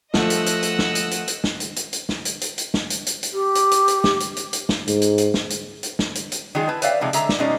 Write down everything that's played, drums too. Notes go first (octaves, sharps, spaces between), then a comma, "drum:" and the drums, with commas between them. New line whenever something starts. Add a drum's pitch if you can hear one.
F3 A3 D#5 F#5 E6, drum: snare
drum: hi-hat
drum: hi-hat
drum: hi-hat
drum: snare
drum: hi-hat
drum: hi-hat
drum: hi-hat
drum: snare
drum: hi-hat
drum: hi-hat
drum: hi-hat
drum: snare
drum: hi-hat
drum: hi-hat
drum: hi-hat
drum: snare
drum: hi-hat
drum: hi-hat
drum: hi-hat
G4
drum: hi-hat
drum: hi-hat
drum: hi-hat
drum: snare
drum: hi-hat
drum: hi-hat
drum: hi-hat
drum: snare
G#2, drum: hi-hat
drum: hi-hat
drum: hi-hat
drum: snare
drum: hi-hat
drum: hi-hat
drum: snare
drum: hi-hat
drum: hi-hat
D#3 F#3 G#3 D#4 F4 G#4
E4 B4 A5
B4 C#5 D5 E5 F5 G5, drum: hi-hat
C3 F3 G#3 D#4
D3 G#3 E5 A#5, drum: hi-hat
drum: snare
B2 G#3 C#4 D#4 G#4 D5